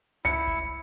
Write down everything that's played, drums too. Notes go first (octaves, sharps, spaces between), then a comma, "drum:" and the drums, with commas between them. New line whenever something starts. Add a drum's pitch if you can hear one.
C#2 E4 C#7
drum: kick F1